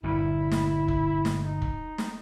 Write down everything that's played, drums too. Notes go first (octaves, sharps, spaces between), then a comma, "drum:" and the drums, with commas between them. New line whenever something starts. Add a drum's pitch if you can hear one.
G1 G2 A#2 E4
drum: snare
drum: kick
drum: snare
D#4
drum: kick
drum: snare